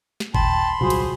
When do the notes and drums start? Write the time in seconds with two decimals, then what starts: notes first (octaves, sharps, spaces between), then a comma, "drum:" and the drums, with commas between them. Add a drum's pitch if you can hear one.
0.20 drum: snare
0.35 D#1 G5 A5 B5 C6, drum: kick G1
0.81 D#1 C2 F#3 F4 F#4 G#4 C5
0.90 drum: cymbal